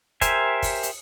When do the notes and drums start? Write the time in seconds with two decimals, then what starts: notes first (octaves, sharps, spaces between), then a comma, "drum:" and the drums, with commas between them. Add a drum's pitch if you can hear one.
0.21 G4 A#4 C5 E5 G#5, drum: kick, hi-hat
0.63 drum: kick, open hi-hat
0.83 drum: hi-hat